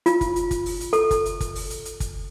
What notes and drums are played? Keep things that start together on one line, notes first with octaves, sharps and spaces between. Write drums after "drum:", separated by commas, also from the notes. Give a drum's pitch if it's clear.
F4, drum: hi-hat
drum: kick G1, hi-hat
drum: hi-hat
drum: kick G1, hi-hat
drum: open hi-hat
drum: hi-hat
A4, drum: hi-hat
drum: kick G1, hi-hat
drum: hi-hat
drum: kick G1, hi-hat
drum: open hi-hat
drum: hi-hat
drum: hi-hat
drum: kick G1, hi-hat